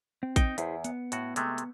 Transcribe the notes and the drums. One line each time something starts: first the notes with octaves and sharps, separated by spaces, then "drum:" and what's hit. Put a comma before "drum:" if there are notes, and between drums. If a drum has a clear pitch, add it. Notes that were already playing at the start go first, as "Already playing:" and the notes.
C4
D#4 G5, drum: kick A1, hi-hat
E2 E4 G#4 C5, drum: hi-hat
B3, drum: hi-hat
A2 F#4, drum: hi-hat
C3 G#3 A3, drum: hi-hat
drum: hi-hat